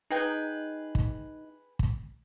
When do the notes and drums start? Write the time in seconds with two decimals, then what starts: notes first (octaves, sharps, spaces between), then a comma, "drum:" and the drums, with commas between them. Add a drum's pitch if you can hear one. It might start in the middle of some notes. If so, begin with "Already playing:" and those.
0.10 D#4 G#4 B4 G5
0.95 drum: kick
1.79 drum: kick